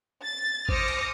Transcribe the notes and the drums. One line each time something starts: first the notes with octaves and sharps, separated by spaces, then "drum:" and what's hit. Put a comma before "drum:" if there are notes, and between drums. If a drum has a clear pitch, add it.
A6
C5 D6 D#6 F6 A#6 C#7, drum: kick G#1
drum: cymbal